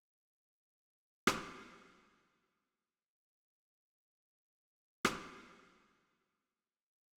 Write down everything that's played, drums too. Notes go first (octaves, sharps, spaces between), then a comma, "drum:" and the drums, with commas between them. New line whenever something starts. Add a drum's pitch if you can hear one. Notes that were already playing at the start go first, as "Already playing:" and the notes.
D2 F#3 F4 F#5
drum: rim click
B3
E5
D#5
A4 E5
drum: rim click
D#4
G#4
C#5
A#3
G4
F#4
C#4
F#4